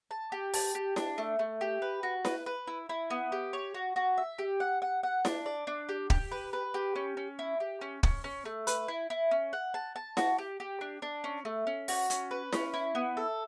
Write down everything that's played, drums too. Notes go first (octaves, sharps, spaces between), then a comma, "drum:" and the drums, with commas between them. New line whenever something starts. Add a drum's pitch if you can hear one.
A5
G4
A5, drum: open hi-hat
G4
D4, drum: snare E4
A3
A3
G4
B4
F#4
B4, drum: snare E4
B4
E4
E4
B3
G4
C#5
F#4
F#4
E5
G4
F#5
F#5
F#5
D4, drum: snare E4
D5
D4
G4
G4, drum: kick
B4
B4
G4
C#4
C#4
E4
G4
C#4
C#4, drum: kick
C#4
A3
B4, drum: hi-hat
E4
E4
C#4
F#5
A5
A5
F#4, drum: snare E4
G4
G4
D4
D4
C#4
A3
C#4
F#4, drum: open hi-hat
C#4, drum: hi-hat
B4
C#4, drum: snare E4
E4
B3
A4